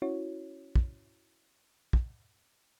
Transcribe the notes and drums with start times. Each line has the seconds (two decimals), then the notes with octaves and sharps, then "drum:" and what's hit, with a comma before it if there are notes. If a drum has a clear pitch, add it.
0.02 C#4 E4 F#4 C#5
0.76 drum: kick
1.93 drum: kick